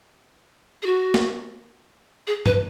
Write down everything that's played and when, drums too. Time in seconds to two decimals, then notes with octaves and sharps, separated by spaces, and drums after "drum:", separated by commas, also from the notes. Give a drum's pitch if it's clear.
0.82 G#4
0.86 F#4
1.14 drum: snare
2.27 G#4
2.46 B4, drum: tom G2